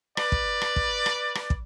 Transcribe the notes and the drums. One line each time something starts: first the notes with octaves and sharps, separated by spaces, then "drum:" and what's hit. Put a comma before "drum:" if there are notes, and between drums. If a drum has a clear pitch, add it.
B4 D5, drum: rim click
drum: kick
drum: rim click
drum: kick
drum: rim click
drum: rim click
drum: kick